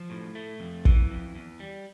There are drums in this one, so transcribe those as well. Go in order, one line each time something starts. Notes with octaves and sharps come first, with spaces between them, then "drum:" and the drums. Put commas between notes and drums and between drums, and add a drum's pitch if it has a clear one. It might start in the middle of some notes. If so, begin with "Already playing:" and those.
Already playing: F3
A2
A3
F2
E3, drum: kick
F2
E2
G3